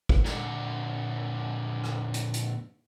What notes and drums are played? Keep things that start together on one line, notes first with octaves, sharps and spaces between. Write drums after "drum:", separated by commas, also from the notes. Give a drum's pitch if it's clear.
drum: kick
A#2 D3, drum: snare
drum: rim click
drum: hi-hat
drum: hi-hat